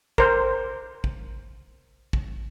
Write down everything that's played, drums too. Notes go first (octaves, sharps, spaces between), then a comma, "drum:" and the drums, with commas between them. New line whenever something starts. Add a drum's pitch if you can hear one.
A#4 C5, drum: kick
drum: kick
drum: kick